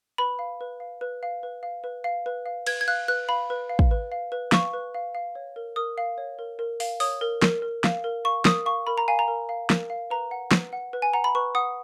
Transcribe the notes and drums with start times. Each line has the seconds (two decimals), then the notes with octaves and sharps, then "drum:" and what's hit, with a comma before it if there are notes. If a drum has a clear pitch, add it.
0.18 B4 B5
0.39 F5
0.61 B4
0.80 F5
1.01 B4
1.23 F5
1.43 B4
1.63 F5
1.84 B4
2.04 F5
2.26 B4
2.46 F5
2.66 B4 G#6, drum: cymbal
2.81 G#6
2.88 F5 F#6
3.08 B4 F#6
3.28 F5 B5
3.50 B4
3.69 F5
3.79 drum: kick
3.91 B4
4.12 F5
4.32 B4
4.52 F5 C#6, drum: snare
4.73 B4
4.94 F5
5.15 F5
5.35 C#5
5.56 A#4
5.76 A#4 D#6
5.98 F5
6.18 C#5
6.39 A#4
6.59 A#4
6.80 F5, drum: open hi-hat
7.00 C#5 D#6, drum: open hi-hat
7.21 A#4
7.42 A#4, drum: snare
7.62 A#4
7.84 F5, drum: snare
8.04 A#4
8.25 F5 C#6
8.45 A#4 D#6, drum: snare
8.66 F5 C#6
8.87 A#4 B5
8.98 A#5
9.08 F5 G#5
9.19 A#5
9.28 A#4
9.49 F5
9.70 A#4, drum: snare
9.90 F5
10.10 B4 A#5
10.31 F#5
10.51 B4, drum: snare
10.73 F#5
10.93 B4
11.02 G#5
11.13 F#5 A#5
11.24 B5
11.35 B4 C#6
11.55 F#5 D#6